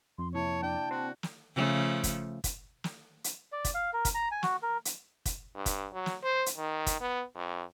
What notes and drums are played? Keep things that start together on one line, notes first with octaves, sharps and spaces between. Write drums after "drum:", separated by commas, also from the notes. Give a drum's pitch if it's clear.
F2 C6
C3 A#3 E4 C#5 A5
D4 D5 G5
C4 F#4
drum: snare
C#3 F3 A3
drum: kick, hi-hat
drum: kick, hi-hat
drum: snare
drum: hi-hat
D5
drum: kick, hi-hat
F5
A#4
drum: kick, hi-hat
A#5
G#5
F#4, drum: snare
A#4
drum: hi-hat
drum: kick, hi-hat
G2
drum: kick, hi-hat
F#3
drum: snare
C5
drum: hi-hat
D#3
drum: kick, hi-hat
B3
F2